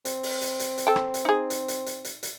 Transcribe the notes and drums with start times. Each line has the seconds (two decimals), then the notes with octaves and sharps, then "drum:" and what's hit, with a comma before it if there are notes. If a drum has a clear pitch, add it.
0.05 C4, drum: hi-hat
0.23 drum: open hi-hat
0.41 drum: hi-hat
0.59 drum: hi-hat
0.78 drum: hi-hat
0.87 A4 G5
0.96 drum: rim click
1.14 drum: hi-hat
1.25 D#4 G#4
1.50 drum: hi-hat
1.68 drum: hi-hat
1.86 drum: hi-hat
2.05 drum: hi-hat
2.23 drum: hi-hat